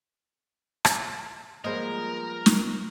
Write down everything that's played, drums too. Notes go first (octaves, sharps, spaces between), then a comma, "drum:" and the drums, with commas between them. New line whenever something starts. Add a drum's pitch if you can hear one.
drum: rim click
F3 G3 G#3 A#3 B3 A#4 C5 D#5
drum: snare